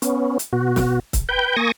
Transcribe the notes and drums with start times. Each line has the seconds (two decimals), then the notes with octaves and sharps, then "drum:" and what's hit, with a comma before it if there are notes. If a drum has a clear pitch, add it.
0.02 B3 C#4, drum: hi-hat
0.39 drum: hi-hat
0.53 B2 F#4
0.76 drum: snare
1.13 drum: kick, hi-hat
1.29 B4 G5 G6
1.56 A#3 G#5 C#6 D#6 A#6